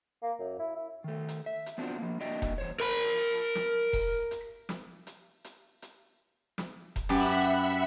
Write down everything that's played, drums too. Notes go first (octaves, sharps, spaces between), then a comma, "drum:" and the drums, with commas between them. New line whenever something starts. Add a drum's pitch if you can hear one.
A#3
F#2
E4
E4
D#3 A3
drum: hi-hat
E5
drum: hi-hat
B3 C4 D4 F4 F#4 C5
F3 A#3
A#3 D4 F#4 D#5 E5 G5
drum: kick E1, hi-hat
E2 C5 C#5
A#4 B5, drum: hi-hat
drum: hi-hat
drum: snare
drum: kick E1, open hi-hat
drum: hi-hat
drum: snare
drum: hi-hat
drum: hi-hat
drum: hi-hat
drum: snare
drum: kick E1, hi-hat
F#2 G4 B4 E5 F#5 B5
drum: hi-hat
drum: hi-hat